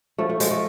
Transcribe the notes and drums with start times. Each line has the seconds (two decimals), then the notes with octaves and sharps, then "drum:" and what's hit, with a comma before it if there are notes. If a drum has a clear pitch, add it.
0.18 F3 A3
0.29 A3
0.40 F3 G#3, drum: hi-hat
0.51 A3